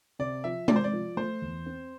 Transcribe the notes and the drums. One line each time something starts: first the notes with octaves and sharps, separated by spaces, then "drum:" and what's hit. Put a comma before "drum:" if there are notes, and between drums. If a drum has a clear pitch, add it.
C3 D5
F3 E5
C3 D5, drum: tom G#3
C5
D5
F3
A3 C5
E2
C4